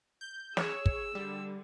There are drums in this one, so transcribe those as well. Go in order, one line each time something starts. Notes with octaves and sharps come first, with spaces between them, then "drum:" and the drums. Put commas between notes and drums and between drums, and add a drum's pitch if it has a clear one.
G6
G#4 C#5 E6, drum: snare
drum: kick
D3 G3